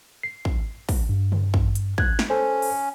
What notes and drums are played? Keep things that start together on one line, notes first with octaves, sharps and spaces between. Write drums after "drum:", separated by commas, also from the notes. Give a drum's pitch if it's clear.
C7
drum: kick
drum: kick, open hi-hat
G2
drum: tom
drum: kick
drum: hi-hat
F#6 G#6, drum: kick
drum: snare
C#4 A4 C5
drum: open hi-hat